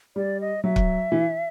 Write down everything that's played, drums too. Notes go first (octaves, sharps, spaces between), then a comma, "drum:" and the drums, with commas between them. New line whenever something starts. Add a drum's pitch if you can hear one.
G3 D5
D#5
F#3 E5
drum: kick
E3